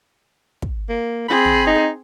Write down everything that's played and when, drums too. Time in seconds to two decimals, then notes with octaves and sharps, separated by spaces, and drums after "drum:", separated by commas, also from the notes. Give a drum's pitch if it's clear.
0.62 drum: kick
0.89 A#3
1.29 C4 G#4 B5
1.45 drum: tom
1.67 D#4